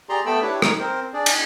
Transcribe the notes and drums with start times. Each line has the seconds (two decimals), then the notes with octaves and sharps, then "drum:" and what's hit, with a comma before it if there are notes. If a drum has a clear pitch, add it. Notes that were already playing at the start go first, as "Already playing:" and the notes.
0.09 G4 G#4 D5 A#5 C6
0.26 A3 B3 A4 G5 B5 E6
0.42 D4 E4 G4 B4 C#5
0.62 D#4, drum: rim click
0.79 C4 A#4 C5
1.14 D4 G#4 D5
1.26 drum: cymbal